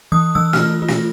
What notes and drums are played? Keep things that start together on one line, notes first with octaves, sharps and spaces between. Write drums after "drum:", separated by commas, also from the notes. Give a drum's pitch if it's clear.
E3 D#6
E3 E6
F6, drum: snare
F4
F4
A#6, drum: snare